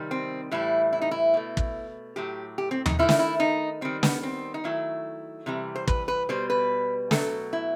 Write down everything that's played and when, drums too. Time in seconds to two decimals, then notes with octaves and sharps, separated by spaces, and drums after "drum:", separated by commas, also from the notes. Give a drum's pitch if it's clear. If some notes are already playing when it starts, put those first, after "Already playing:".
Already playing: C3 D#3 G3
0.11 C4
0.52 A2 E3 G3 E4
0.93 E4
1.01 D#4
1.11 E4
1.34 B2 A3
1.57 drum: kick
2.16 A2 F#3 A3 G4
2.58 G4
2.71 C4
2.86 D#4, drum: tom D#2
2.99 D#3 A3 E4
3.09 drum: snare
3.19 E4
3.40 D#4
3.81 D#3 G3 C4
4.03 B3, drum: snare
4.23 C4
4.54 D#4
4.64 D#3 F#3 A3 E4
5.46 C3 E3 G3
5.76 C5
5.88 B4, drum: kick
6.08 B4
6.29 B2 G3 C5
6.50 B4
7.11 B2 F#3 A3 A4, drum: snare
7.53 E4